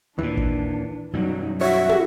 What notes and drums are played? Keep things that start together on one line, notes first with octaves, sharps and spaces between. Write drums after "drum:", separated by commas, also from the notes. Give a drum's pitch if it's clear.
D#2 A#2 E3 D4
drum: kick
F#2 B2 F#3 G3 D#4
F#4 C#5 E5
drum: tom